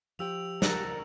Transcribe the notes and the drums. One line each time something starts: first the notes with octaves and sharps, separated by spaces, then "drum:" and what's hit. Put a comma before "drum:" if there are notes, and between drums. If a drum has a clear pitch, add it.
F3 G4 G5 E6 F7
F2 F#4 A4 A#4, drum: snare